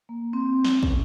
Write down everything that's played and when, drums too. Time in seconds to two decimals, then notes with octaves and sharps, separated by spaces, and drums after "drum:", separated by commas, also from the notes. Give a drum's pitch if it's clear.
0.09 A#3
0.33 C4
0.64 drum: snare
0.83 C#4, drum: kick